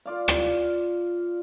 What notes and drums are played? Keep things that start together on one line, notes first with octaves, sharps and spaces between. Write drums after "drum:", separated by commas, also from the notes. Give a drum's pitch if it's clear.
F4 D5 F5
drum: rim click